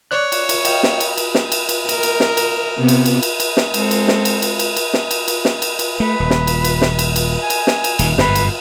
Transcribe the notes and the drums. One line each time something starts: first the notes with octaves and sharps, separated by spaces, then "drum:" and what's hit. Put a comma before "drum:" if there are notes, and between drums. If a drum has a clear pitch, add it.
C#5 D5 F#6
drum: cymbal
drum: cymbal
D#5 F5 G5, drum: cymbal
drum: snare
drum: cymbal
drum: cymbal
drum: snare
drum: cymbal
drum: cymbal
A#4, drum: cymbal
drum: cymbal
drum: snare
drum: cymbal
C3 B3
drum: cymbal
drum: cymbal
drum: cymbal
drum: cymbal
drum: snare
G#3 C4 A4, drum: cymbal
drum: cymbal
drum: snare
drum: cymbal
drum: cymbal
drum: cymbal
drum: cymbal
drum: snare
drum: cymbal
drum: cymbal
drum: snare
drum: cymbal
drum: cymbal
A3 B4
D#1
drum: snare
drum: cymbal
drum: cymbal
drum: snare
drum: cymbal
drum: cymbal
G#5
drum: cymbal
drum: snare
drum: cymbal
D#1 D#3, drum: cymbal
G1 F#2 A2 B4, drum: snare
drum: cymbal